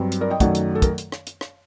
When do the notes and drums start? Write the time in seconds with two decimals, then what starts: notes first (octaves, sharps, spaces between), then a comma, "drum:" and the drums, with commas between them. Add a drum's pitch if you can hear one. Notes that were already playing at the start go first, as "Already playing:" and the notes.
Already playing: G2 F#3 C4
0.12 drum: hi-hat
0.21 A#4 D5
0.30 D#5 G5
0.40 F#2 D#3 F#3 A3 D5 F#5, drum: kick, hi-hat
0.55 drum: hi-hat
0.75 A4
0.82 A#4, drum: kick, hi-hat
0.98 drum: hi-hat
1.12 drum: rim click
1.27 drum: hi-hat
1.41 drum: rim click